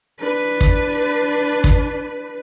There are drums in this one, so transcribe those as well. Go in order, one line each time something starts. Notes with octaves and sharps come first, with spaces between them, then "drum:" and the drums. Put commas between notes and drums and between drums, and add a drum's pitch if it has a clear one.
D4 B4
drum: kick
drum: kick